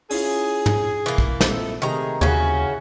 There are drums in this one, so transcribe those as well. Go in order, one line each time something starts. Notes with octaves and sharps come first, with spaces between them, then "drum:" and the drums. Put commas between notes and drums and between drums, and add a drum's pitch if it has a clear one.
C#4 E4 F4 G#4, drum: open hi-hat
drum: tom
E3 A#3 A6
drum: kick
A#2 C4 D#4 E4 A4, drum: snare
C3 D#3 G#3 A3 G#4 D#5 A#5 C#7
D#2 C#3 C#4 E4 F#4